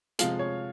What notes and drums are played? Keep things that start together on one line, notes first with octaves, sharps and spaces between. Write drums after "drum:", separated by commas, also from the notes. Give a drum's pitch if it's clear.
C3 F3 G#3 F5, drum: hi-hat
C#5